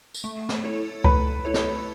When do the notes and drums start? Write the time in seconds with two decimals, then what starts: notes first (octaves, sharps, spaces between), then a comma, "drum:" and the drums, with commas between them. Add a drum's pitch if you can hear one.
0.14 drum: tambourine
0.24 A3
0.49 drum: snare
0.64 E4 A4 C#5
1.04 A3 B4, drum: kick C#2
1.45 E4 A4 C#5
1.54 drum: snare